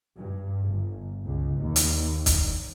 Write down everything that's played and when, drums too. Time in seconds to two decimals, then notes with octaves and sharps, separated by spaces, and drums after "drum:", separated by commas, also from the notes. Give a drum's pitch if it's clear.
0.17 G2
0.68 G1
1.25 C#2
1.60 D#2
1.76 drum: hi-hat
2.26 drum: kick, hi-hat